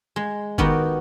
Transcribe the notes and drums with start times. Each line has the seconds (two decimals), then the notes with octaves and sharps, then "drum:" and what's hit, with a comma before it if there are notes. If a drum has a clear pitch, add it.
0.16 G#3
0.58 D#3 B3 F#4 G4 A#4, drum: kick G1